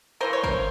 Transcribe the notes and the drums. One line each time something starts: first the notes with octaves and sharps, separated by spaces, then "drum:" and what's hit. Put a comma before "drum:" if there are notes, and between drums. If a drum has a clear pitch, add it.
C#3 E3 A3 A#4 C5
C#5
A#4 C5, drum: kick